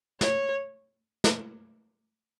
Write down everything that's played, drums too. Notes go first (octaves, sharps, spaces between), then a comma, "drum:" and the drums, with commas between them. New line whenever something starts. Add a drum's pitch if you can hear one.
C#5, drum: snare
drum: snare